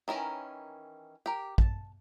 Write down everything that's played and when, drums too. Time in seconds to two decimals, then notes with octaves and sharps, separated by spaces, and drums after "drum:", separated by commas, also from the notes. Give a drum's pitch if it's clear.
0.08 D#3 E3 C#4 A#4
1.26 G4 A#4
1.58 A5, drum: kick